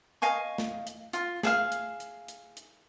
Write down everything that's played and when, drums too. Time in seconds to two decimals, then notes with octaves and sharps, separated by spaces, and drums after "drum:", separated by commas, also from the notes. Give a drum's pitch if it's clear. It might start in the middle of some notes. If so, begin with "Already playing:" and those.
0.22 D#5 F5 G#5 C#6
0.58 drum: snare
0.87 drum: hi-hat
1.13 F4, drum: hi-hat
1.43 G#4 E5 F5, drum: snare
1.72 drum: hi-hat
2.00 drum: hi-hat
2.28 drum: hi-hat
2.57 drum: hi-hat